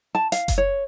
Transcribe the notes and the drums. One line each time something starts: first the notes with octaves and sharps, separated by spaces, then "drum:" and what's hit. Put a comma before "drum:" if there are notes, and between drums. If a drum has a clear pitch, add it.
A5
F5, drum: hi-hat
drum: kick F#1, hi-hat
C#5